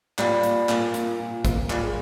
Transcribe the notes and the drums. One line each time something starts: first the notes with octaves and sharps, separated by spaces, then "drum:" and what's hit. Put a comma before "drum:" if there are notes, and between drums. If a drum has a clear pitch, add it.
A#2 G3, drum: clap
A#2, drum: hi-hat
A#2, drum: clap
A#2, drum: hi-hat
A#2
A#2, drum: kick, hi-hat
A#2 G3, drum: clap
G#3